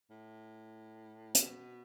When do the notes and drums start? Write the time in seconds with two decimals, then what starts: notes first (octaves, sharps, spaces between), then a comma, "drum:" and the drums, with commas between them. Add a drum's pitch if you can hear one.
0.10 A2
1.35 B2, drum: hi-hat